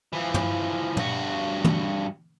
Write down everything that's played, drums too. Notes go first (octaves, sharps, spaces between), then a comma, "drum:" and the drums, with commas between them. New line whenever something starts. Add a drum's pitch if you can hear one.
E3 F3
drum: tom
G2 F#4, drum: tom
drum: tom